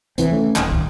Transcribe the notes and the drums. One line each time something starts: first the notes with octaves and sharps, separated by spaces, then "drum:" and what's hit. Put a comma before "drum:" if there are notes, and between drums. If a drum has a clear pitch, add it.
F1 E3 C4, drum: hi-hat
A3 C#4
D#1 D#3, drum: clap
drum: kick